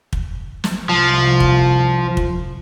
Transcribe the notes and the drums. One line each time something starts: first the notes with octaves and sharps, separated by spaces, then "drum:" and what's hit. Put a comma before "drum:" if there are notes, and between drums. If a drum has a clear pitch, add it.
drum: kick
drum: snare
C2 F3
drum: kick
drum: kick